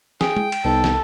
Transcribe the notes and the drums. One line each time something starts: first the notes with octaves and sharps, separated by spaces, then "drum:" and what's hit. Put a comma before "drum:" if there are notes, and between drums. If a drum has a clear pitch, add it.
G#4 G5, drum: snare
drum: tom
drum: cymbal
C2 B3 D#4 A4
drum: snare